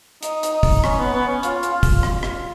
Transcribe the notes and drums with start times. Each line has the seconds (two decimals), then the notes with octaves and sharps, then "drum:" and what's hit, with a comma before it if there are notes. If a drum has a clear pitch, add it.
0.23 D#4, drum: hi-hat
0.43 drum: hi-hat
0.53 D#4
0.63 drum: kick, open hi-hat
0.84 C#4, drum: rim click
0.99 B3
1.13 B3
1.28 C#4
1.43 F4, drum: hi-hat
1.63 drum: hi-hat
1.73 F4
1.83 drum: kick, open hi-hat
2.03 F4, drum: rim click
2.23 drum: rim click